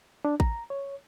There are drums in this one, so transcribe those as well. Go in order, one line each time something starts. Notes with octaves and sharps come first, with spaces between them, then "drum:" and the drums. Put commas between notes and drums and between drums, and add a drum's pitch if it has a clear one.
D4
A#5, drum: kick A1
C#5